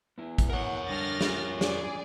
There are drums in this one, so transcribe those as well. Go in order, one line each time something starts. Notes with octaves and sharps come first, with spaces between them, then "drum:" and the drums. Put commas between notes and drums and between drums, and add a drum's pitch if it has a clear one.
B3 E4
drum: kick, hi-hat
A#4 C#5 F#5
D3 G3 D4 F6 A6 A#6
G3 C#4 F4, drum: snare
G#4 D5, drum: snare